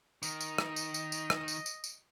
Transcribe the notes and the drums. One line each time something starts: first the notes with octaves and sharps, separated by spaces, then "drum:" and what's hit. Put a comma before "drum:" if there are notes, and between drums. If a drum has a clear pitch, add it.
D#3 D#5, drum: tambourine
drum: tambourine
drum: rim click
drum: tambourine
drum: tambourine
drum: tambourine
drum: rim click
drum: tambourine
drum: tambourine
drum: tambourine